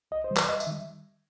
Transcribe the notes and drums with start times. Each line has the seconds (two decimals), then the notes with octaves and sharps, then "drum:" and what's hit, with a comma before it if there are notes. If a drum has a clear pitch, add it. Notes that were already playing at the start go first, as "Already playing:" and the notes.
0.11 C2 D#5
0.24 C5
0.30 C3 E3 G3
0.37 B4, drum: clap
0.48 E2 D#5
0.60 E5, drum: tambourine
0.67 D#3 G3